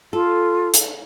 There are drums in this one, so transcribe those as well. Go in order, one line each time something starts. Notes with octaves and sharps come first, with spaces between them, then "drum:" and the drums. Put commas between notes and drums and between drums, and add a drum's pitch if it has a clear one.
F4 A4
drum: hi-hat